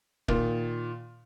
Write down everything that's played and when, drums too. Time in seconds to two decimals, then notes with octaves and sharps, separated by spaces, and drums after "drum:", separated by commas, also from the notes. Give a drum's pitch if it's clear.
0.28 A#2 D#3, drum: kick